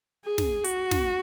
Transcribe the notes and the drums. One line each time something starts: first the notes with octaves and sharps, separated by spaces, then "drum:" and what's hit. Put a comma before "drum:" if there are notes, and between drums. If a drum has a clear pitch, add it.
G#4
drum: snare
F#4, drum: hi-hat
drum: snare